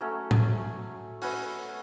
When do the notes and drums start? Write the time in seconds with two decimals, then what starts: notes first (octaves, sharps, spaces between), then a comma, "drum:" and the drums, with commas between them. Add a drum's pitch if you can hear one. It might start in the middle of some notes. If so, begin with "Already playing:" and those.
0.01 F#3 A3 C#4
0.31 drum: tom
1.22 C#4 F#4 B4 E5, drum: open hi-hat